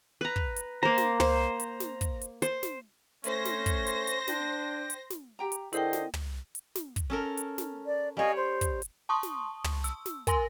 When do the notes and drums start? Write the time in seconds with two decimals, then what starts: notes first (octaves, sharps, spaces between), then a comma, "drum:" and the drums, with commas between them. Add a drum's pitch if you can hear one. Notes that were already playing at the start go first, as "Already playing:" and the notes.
0.21 B4 A#5
0.36 drum: kick
0.56 drum: hi-hat
0.83 A#3 C5 A#5
0.98 drum: snare
1.20 C5, drum: tom
1.60 drum: hi-hat
1.80 drum: snare
2.01 drum: kick, hi-hat
2.21 drum: hi-hat
2.42 C5, drum: hi-hat
2.63 drum: snare
3.24 A3 C#4 C5 A#6, drum: hi-hat
3.45 drum: snare
3.66 drum: kick, hi-hat
3.87 drum: hi-hat
4.07 drum: hi-hat
4.28 D4 G5, drum: snare
4.90 drum: hi-hat
5.10 drum: snare
5.39 G4 G5 A#5
5.52 drum: hi-hat
5.73 D3 E4 G#4 A#4 C5 D#5 G5, drum: hi-hat
5.93 drum: snare
6.14 drum: tom
6.55 drum: hi-hat
6.75 drum: snare
6.96 drum: kick, hi-hat
7.10 C#4 A4 A#4
7.37 drum: hi-hat
7.58 drum: snare
7.86 D5
8.17 G3 C#5 D#5 F5 G#5
8.37 C5
8.61 drum: kick, hi-hat
8.82 drum: hi-hat
9.09 A5 C6 C#6 D#6
9.23 drum: snare
9.64 drum: tom
9.84 E6, drum: hi-hat
10.06 drum: snare
10.27 A#4 G#5 C6 A#6, drum: kick, hi-hat